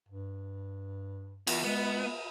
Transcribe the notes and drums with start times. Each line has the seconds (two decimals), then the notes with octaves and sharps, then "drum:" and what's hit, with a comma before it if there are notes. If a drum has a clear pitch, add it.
0.09 G2
1.47 E2, drum: cymbal
1.65 G#3 B3